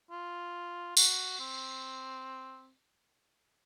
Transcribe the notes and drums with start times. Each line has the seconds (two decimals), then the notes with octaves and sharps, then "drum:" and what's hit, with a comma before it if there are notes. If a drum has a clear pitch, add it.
0.11 F4
0.97 F#4, drum: tambourine
1.40 C4